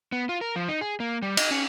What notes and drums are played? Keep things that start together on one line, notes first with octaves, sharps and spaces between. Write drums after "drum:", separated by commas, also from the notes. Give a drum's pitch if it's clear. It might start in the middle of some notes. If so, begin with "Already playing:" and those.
B3
F4
A#4
F3
D#4
G#4
A#3
G3
D#5, drum: cymbal
C#4